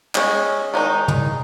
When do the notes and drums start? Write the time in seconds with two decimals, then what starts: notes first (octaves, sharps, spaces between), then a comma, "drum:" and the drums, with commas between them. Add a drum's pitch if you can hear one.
0.15 G#3 C#4, drum: clap
0.74 D#3 G#3 D#4
1.08 drum: tom